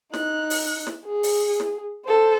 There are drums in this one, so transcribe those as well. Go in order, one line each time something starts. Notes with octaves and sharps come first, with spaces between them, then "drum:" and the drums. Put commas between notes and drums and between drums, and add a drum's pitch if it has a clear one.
D#4 F#6, drum: snare
drum: open hi-hat
drum: snare
G#4
drum: open hi-hat
drum: snare
A4 C5